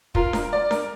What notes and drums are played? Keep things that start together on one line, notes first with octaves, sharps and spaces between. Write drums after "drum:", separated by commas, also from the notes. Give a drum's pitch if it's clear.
F4 A#4, drum: kick
A#4, drum: snare D4
D5
A#4, drum: snare D4